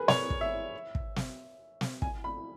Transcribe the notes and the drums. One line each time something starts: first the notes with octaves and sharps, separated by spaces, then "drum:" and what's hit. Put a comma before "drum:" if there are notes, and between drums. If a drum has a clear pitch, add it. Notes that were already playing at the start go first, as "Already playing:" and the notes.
Already playing: G#4 A#4 B4
C#5, drum: snare
drum: kick
E5
drum: kick
drum: snare
drum: snare
G#5, drum: kick
B5